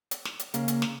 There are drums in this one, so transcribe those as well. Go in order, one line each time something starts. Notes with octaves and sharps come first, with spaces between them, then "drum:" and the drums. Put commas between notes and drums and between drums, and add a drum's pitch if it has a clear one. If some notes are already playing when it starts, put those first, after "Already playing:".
drum: hi-hat
drum: snare
drum: hi-hat
C#3 A#3 C#4 G#4, drum: hi-hat
drum: hi-hat
drum: snare